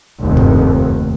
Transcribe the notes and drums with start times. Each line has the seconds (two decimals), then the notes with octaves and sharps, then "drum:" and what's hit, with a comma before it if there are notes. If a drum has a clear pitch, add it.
0.21 F1 D#2
0.37 drum: tom F#2